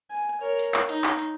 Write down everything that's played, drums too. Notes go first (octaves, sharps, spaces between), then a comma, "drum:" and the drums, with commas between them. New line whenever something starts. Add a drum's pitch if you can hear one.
G#5
A#4 C#5
drum: hi-hat
drum: clap
D#4, drum: hi-hat
drum: clap
drum: hi-hat